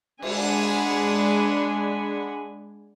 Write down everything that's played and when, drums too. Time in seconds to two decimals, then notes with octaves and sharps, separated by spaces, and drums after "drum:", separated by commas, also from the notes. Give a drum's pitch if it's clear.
0.22 G#3 D4 F#5 G#5 B5, drum: cymbal